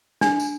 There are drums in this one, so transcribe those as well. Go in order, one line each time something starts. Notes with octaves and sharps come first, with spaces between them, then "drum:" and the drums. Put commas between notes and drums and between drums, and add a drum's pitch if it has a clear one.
D4, drum: snare
drum: tambourine